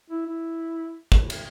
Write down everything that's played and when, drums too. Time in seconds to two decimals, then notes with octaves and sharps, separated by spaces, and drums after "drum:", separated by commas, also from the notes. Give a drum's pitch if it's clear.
0.10 E4
0.26 E4
1.12 drum: kick
1.30 drum: cymbal